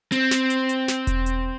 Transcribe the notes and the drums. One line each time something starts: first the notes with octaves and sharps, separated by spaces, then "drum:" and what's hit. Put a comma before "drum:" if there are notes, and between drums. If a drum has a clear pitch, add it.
C4, drum: hi-hat
drum: snare
drum: hi-hat
drum: hi-hat
drum: snare
drum: kick E1, hi-hat
drum: hi-hat